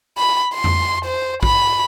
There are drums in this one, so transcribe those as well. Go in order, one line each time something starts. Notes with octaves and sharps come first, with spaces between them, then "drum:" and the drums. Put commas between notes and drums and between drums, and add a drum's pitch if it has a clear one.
B5
C6
drum: tom F2
C5
B5, drum: kick A#1